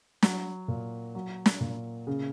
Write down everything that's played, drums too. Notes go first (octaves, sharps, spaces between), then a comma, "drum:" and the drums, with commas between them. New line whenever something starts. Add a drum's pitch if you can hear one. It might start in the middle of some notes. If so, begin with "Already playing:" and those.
F#3, drum: snare
A#2
F#3
drum: snare
A#2
C#3